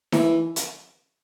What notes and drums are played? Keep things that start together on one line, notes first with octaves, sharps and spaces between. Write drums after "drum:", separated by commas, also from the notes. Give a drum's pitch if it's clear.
E3, drum: snare D#4
drum: hi-hat